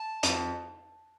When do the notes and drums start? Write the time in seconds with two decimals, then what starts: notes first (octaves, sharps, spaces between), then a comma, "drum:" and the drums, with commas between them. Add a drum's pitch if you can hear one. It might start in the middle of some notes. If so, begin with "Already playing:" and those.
Already playing: A5
0.23 F2, drum: hi-hat